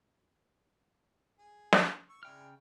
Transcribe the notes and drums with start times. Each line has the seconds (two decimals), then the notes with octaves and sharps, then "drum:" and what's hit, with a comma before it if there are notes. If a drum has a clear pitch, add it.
1.39 G#4
1.73 drum: snare
2.09 C#6 E6
2.23 C#3 G#3 D4 E4 G5 F6